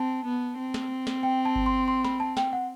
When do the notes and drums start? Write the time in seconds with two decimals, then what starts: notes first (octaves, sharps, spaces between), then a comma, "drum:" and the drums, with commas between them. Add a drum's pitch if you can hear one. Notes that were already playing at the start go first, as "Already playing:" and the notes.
Already playing: C4 A5
0.25 B3
0.58 C4
0.74 drum: snare
1.07 drum: snare
1.23 G5
1.45 A5
1.56 drum: kick G1
1.66 C6
1.88 C6
2.04 B5, drum: snare
2.20 A5
2.37 G5, drum: snare
2.53 F#5